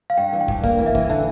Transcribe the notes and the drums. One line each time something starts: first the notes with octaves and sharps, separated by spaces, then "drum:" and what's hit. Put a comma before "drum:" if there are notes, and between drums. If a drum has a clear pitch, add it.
F5
G2 G5
E3
G5
G2, drum: kick
A#3 F5, drum: kick
E3
E5
E3, drum: kick
D3 E5